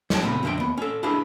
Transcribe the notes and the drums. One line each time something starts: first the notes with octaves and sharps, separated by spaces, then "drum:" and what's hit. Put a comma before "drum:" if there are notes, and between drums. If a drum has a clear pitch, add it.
C5 C#5 F5 G5 A5, drum: snare
A#2 C#3 B3 C4
F2 D3 F3 E5 G5
D#2 B3
C#4 A4
D4 E4 F4 G4 G#4 B4